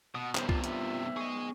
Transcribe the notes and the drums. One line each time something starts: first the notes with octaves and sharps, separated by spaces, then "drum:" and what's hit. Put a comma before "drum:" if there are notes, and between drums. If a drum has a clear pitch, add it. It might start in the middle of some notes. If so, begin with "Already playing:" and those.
B2 F#5 D#6
G2 C3 B3 C#4 C5, drum: clap
F4 A5, drum: kick C2
F4 E5, drum: hi-hat
G#4 D#5 C#6